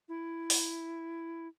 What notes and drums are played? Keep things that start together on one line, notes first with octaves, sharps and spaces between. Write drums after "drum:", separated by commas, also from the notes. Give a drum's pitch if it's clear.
E4
drum: open hi-hat